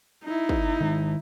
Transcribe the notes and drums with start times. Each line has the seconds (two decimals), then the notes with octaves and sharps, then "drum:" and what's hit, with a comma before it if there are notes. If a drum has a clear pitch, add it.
0.24 D#4 E4
0.49 drum: kick
0.81 D#3 G#3